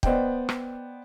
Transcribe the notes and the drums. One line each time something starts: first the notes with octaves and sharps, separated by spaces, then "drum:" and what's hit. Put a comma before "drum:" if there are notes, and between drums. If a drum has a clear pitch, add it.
B3 C5 D5 D#5 G5, drum: kick
drum: rim click